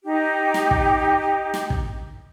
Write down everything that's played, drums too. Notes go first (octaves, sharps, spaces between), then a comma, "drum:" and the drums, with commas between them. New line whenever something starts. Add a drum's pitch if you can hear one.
D#4 G4
drum: snare
drum: kick
drum: snare
drum: kick